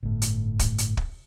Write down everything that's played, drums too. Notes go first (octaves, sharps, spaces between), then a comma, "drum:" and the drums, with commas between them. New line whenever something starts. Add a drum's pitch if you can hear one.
G1 A2
drum: hi-hat
drum: kick, hi-hat
drum: hi-hat
drum: kick